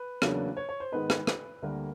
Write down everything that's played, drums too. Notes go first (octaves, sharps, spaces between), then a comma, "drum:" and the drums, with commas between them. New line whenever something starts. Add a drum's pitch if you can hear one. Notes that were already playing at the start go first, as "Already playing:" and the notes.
Already playing: B4
E2 C#3 F#3 A#3 D4, drum: rim click
C#5
C#5
C5
G#2 D#3 G#3 B3 D#4 B4
drum: rim click
drum: rim click
D2 D3 G3 A#3 A#4